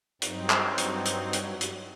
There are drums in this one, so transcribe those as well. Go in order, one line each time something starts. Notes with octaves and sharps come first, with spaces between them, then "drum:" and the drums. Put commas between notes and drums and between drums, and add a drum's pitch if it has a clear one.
G2 F#3 C4 D#4, drum: hi-hat
drum: clap
drum: hi-hat
drum: hi-hat
drum: hi-hat
drum: hi-hat